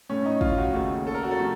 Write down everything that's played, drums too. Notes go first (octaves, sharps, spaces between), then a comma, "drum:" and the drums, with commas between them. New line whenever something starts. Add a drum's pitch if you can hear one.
A2 A3 C#4
D#4
F4, drum: kick
F#4
D#2 C#3 A3
A4
A#4
F#4
A4
C3 F3 A3